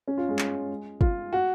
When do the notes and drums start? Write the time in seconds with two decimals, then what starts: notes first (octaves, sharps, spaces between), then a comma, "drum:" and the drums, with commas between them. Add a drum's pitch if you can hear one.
0.08 C#4
0.18 F4
0.29 G#3
0.39 drum: clap
1.01 F4, drum: kick
1.33 F#4